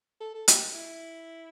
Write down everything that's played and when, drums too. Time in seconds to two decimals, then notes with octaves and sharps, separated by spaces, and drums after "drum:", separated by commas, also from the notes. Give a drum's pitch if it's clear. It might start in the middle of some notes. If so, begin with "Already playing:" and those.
0.20 A4
0.34 A4
0.48 G4, drum: hi-hat
0.74 E4